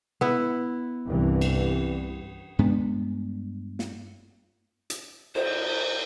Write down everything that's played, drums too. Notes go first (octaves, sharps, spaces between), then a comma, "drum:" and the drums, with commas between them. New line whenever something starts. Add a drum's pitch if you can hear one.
B3 E4
C2 G2 E3
drum: cymbal
G2 G#3 B3 D4
drum: snare
drum: hi-hat
C5, drum: cymbal